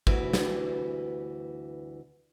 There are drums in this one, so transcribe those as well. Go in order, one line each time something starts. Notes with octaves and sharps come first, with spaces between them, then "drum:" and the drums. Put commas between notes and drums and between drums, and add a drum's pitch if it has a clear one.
D2 G2 E3 F#4 G4 B4, drum: kick
drum: snare